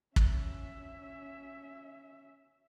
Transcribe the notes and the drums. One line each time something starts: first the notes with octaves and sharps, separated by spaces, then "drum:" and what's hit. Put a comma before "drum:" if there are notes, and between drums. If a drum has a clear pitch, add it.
C#4 E5, drum: kick